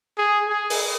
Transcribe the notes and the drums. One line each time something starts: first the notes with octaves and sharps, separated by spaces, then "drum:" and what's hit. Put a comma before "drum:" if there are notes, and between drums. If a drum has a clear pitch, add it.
G#4
G#4
drum: open hi-hat